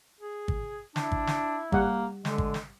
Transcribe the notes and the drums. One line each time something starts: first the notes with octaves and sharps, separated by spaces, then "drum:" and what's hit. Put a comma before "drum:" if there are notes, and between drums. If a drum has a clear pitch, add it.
G#4
drum: kick
D4 E4, drum: snare
drum: kick
drum: snare
G3 A#3 F#5, drum: kick
D3 G#3, drum: snare
drum: kick
drum: snare